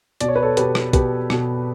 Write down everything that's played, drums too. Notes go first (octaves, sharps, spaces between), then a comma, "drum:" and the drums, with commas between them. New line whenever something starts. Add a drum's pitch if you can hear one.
B2 D5, drum: hi-hat
C#5
B4
A4 C#5
B2 G4 B4, drum: hi-hat
drum: rim click
B2 G4 B4, drum: kick, hi-hat
B2, drum: rim click